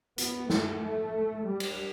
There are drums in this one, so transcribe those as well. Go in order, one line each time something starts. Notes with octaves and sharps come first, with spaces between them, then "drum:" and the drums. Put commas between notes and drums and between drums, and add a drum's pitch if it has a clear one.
B3, drum: hi-hat
A3, drum: snare
A3
G3
drum: cymbal